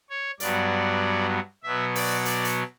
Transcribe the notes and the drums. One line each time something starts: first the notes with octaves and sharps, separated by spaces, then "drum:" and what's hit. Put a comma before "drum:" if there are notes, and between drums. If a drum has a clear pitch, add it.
C#5
G2 F#3 B3 D5, drum: hi-hat
B2 F#3 B3 E5
D5, drum: open hi-hat
D5, drum: hi-hat
drum: hi-hat